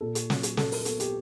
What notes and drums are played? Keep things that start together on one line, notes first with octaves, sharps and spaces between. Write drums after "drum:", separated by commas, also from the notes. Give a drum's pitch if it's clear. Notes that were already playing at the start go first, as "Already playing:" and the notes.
A#2 A4
drum: hi-hat
F#3, drum: snare
drum: hi-hat
A#2 A4, drum: snare
A#4, drum: open hi-hat
B3 A4, drum: hi-hat
G4, drum: hi-hat